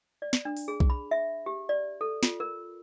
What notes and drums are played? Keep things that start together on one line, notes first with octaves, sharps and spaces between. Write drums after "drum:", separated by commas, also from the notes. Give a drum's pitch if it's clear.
D5
drum: snare
D4
drum: open hi-hat
G#4
drum: kick B1
B5
E5
G4
D5
A4
F4, drum: snare
A#4